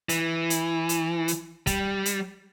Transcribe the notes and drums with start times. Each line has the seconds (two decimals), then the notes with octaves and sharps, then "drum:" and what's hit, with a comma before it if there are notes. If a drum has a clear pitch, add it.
0.09 E3, drum: hi-hat
0.50 drum: hi-hat
0.89 drum: hi-hat
1.28 drum: hi-hat
1.67 G3, drum: kick, hi-hat
2.05 drum: hi-hat